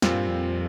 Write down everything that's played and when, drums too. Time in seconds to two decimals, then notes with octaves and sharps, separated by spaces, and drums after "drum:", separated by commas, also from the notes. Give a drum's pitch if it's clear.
0.02 F2 A#2 G3 C4 F4, drum: snare
0.15 G2
0.28 F2